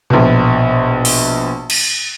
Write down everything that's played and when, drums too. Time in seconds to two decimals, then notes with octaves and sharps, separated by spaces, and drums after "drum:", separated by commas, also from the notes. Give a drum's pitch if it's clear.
0.10 A#1 B2
1.05 drum: open hi-hat
1.70 drum: cymbal